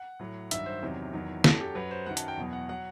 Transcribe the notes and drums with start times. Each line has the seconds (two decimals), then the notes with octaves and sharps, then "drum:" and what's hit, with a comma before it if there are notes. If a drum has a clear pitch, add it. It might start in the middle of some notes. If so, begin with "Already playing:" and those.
Already playing: F#5
0.19 A2 F#3
0.51 G2 D#3 F#3 E5, drum: hi-hat
0.66 C5
0.82 E2 C3 D#3 F#3
1.13 E2 D#3 F#3
1.44 F#2 F#3 A4, drum: snare
1.61 G4
1.75 F#2 F#3 B4
1.91 C5
2.06 F#2 D#3 F#3 F#5
2.17 A5, drum: hi-hat
2.28 G5
2.37 E2 B2 F#3
2.53 F#5
2.69 F#3 F#5